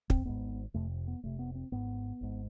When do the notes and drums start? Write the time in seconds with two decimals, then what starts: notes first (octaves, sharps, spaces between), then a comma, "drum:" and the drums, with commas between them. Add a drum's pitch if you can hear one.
0.10 C4, drum: kick
0.25 G#1 G#2 B3
0.74 F1 F2 C3 A3
1.08 B3
1.23 F1 F2 C3 A3
1.39 B3
1.55 C4
1.72 G#1 G#2 B3
2.21 G#1 G#2